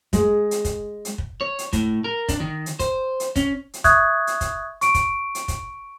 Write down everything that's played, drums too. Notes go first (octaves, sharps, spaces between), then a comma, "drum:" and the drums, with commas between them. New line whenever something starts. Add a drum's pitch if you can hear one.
G#3, drum: kick, hi-hat
drum: hi-hat
drum: kick, hi-hat
drum: hi-hat
drum: kick
C#5
drum: hi-hat
A2, drum: kick, hi-hat
A#4
D4, drum: kick, hi-hat
D#3
drum: hi-hat
C5, drum: kick, hi-hat
drum: hi-hat
C#4, drum: kick, hi-hat
drum: hi-hat
E5 C#6 D#6 F#6 G#6, drum: kick, hi-hat
drum: hi-hat
drum: kick, hi-hat
C#6 D7, drum: hi-hat
drum: kick, hi-hat
drum: hi-hat
drum: kick, hi-hat